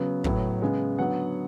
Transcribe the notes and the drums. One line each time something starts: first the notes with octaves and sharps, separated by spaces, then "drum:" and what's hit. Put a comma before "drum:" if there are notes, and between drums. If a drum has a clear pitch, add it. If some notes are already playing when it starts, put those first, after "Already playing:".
Already playing: C#3 F#3 B3
A2 F#3 B3, drum: kick
C#3 G#3 B3
D3 F#3 B3 F#5